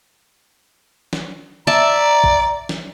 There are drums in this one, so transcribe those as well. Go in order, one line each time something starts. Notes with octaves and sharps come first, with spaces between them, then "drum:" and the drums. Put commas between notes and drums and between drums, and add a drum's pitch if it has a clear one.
drum: snare
D5 E5 A5 A#5
drum: kick A1
drum: snare